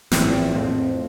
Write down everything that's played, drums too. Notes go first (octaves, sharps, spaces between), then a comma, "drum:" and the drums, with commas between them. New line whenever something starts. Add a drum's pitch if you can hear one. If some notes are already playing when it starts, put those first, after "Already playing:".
A#1 E2 A2 F3 C4, drum: snare
A#1 F2 A2 F3 C4